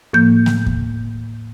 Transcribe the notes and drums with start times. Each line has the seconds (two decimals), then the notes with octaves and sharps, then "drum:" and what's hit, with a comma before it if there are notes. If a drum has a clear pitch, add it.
0.13 A2 F3 A#3 G6
0.46 drum: snare A3
0.66 drum: kick D#2